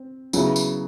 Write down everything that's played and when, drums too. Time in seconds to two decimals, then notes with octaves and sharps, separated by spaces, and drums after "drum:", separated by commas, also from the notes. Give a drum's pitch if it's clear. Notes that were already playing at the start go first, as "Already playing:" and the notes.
Already playing: C4
0.33 C#3 F#3 B3 E4, drum: tambourine
0.56 drum: tambourine